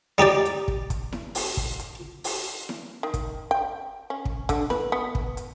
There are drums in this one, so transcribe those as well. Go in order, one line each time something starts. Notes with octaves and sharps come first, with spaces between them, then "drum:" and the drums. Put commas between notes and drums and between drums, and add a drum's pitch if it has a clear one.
G3 D#4 G4 D5
drum: hi-hat
drum: kick
drum: kick, hi-hat
drum: snare E4
drum: open hi-hat
drum: kick
drum: hi-hat
drum: open hi-hat
drum: snare E4
D#3
drum: kick, hi-hat
G5
C#4
drum: kick
D3, drum: kick, hi-hat
B4, drum: snare E4
B3
drum: kick
drum: hi-hat